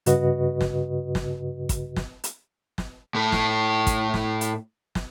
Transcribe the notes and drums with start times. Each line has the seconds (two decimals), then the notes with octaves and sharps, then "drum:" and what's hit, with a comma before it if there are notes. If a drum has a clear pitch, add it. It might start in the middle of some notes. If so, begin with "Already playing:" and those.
0.06 G2 C#3 F#4 B4 D#5, drum: hi-hat
0.61 drum: snare
1.15 drum: snare
1.69 drum: kick, hi-hat
1.96 drum: snare
2.24 drum: hi-hat
2.78 drum: snare
3.15 A2 A4
3.32 drum: snare
3.87 drum: kick, hi-hat
4.14 drum: snare
4.41 drum: hi-hat
4.95 drum: snare